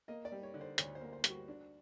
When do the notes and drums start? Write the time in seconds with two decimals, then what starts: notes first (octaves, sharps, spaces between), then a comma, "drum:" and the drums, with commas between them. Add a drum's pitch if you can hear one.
0.08 A#3 D#5
0.25 D5
0.32 G3
0.43 C#5
0.54 D3
0.61 C5
0.78 D2 C#5, drum: hi-hat
0.95 C5
1.01 A#3
1.13 C5
1.24 G3, drum: hi-hat
1.30 F#4
1.48 D4